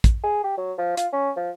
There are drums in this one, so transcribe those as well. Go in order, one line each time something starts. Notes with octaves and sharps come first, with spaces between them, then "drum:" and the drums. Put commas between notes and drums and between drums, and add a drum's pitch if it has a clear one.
drum: kick, hi-hat
G#4
G4
F#3
F3
F4, drum: hi-hat
C#4
F3